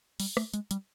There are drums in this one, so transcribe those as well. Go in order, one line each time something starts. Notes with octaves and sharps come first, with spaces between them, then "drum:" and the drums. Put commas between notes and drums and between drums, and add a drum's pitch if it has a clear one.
G3, drum: open hi-hat
A3, drum: rim click
G#3, drum: hi-hat
G3, drum: hi-hat